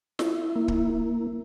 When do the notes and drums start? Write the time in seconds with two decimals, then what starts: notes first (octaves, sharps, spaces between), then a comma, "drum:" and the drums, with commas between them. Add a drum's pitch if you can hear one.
0.19 E4, drum: snare
0.56 A#3
0.68 drum: kick